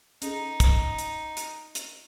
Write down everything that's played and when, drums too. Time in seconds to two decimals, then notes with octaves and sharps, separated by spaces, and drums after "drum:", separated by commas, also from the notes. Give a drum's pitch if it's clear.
0.22 C#4 D#4 G#4 A4, drum: hi-hat
0.60 drum: kick, hi-hat
0.98 drum: hi-hat
1.37 drum: hi-hat
1.75 drum: hi-hat